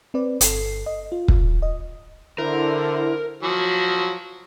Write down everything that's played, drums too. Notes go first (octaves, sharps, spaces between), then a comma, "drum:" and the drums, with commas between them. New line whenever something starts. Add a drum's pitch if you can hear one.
C4 B4 D5
G1 A4 C7, drum: hi-hat
D#5
F4
drum: kick
D#5
D3 E4 A#4 C5
F3 F#3